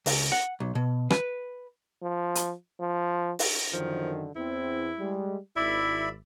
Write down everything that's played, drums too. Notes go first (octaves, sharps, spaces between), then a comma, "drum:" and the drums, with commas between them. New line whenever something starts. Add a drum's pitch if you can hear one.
C#2, drum: open hi-hat
F#5
B1
B2
B4, drum: rim click
F3
drum: hi-hat
F3
drum: open hi-hat
F#2 D3 D#3 F3
E2 C4 E4
G3 G#3
G#1 E4 D5 E5 B5